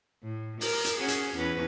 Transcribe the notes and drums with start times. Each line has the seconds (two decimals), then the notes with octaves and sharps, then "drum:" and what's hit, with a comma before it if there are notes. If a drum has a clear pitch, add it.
0.22 A2
0.61 A#4, drum: open hi-hat
0.85 drum: hi-hat
0.96 C#4 F#4 G#4
1.08 drum: hi-hat
1.36 E2 C#4 B4